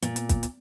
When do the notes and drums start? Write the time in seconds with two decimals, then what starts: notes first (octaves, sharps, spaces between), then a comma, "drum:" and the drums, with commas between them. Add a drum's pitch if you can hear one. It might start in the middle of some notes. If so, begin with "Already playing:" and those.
0.02 A#2, drum: hi-hat
0.16 drum: hi-hat
0.29 drum: kick, hi-hat
0.43 drum: hi-hat